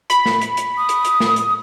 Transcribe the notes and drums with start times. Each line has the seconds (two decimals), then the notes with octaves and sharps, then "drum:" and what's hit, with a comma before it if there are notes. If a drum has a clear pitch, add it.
0.10 B5, drum: hi-hat
0.26 drum: snare
0.41 drum: hi-hat
0.57 drum: hi-hat
0.78 D#6
0.89 drum: hi-hat
1.05 drum: hi-hat
1.20 drum: snare
1.36 drum: hi-hat